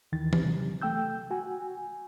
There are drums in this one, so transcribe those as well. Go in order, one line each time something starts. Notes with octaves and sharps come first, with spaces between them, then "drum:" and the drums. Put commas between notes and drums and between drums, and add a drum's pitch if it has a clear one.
D#2 D#3 E3 A6
drum: tom E3
C3 F#3
A3 G5 E6 G6
F#4 G#5